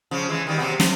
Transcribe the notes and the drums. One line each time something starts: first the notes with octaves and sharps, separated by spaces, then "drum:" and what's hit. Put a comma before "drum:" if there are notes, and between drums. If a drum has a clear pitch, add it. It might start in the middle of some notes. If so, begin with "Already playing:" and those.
C#3 F3
E3 G#3
D#3 G3
C3 F#3 B3
F3, drum: snare